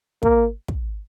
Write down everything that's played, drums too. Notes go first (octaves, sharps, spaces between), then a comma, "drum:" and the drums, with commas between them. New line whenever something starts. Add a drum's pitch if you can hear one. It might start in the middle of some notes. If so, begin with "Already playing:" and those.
A#3, drum: kick
drum: kick